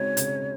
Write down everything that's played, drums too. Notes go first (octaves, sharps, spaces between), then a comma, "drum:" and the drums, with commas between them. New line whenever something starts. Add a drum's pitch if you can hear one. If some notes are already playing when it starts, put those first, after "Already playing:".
Already playing: C#3 G#3 C4 D#4 F#4 C#5
C#3, drum: hi-hat